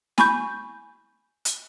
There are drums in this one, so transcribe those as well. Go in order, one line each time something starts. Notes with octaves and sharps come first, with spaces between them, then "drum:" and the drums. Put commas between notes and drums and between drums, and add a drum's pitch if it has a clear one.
G#5 B5 C#6 G6, drum: snare
drum: hi-hat